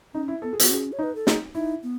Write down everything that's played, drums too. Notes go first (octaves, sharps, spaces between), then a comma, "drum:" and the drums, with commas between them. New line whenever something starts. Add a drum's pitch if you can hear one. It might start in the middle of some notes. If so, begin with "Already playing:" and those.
C#4 D#4
E4
B3 A4
G#4
B3, drum: hi-hat
F#4
C#4 G#4
C#5
D#4
B4
A4
D#4 G#4, drum: snare
D#4 E4
B3